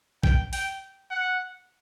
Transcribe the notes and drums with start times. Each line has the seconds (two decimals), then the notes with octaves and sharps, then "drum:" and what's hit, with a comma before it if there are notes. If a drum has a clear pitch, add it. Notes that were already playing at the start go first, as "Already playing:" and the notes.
0.23 G5, drum: kick A#1
0.53 G5, drum: open hi-hat
1.11 F#5